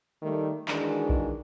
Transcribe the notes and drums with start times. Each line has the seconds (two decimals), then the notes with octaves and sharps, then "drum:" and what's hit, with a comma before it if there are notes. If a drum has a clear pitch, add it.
0.23 D#3 G3 A3
0.68 D#3 E3 G#3 D4 F#4 G#4, drum: clap
1.10 drum: kick A#1